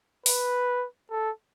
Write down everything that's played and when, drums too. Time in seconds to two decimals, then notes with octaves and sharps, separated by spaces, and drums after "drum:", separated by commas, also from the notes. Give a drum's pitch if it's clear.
0.26 B4, drum: open hi-hat
1.10 A4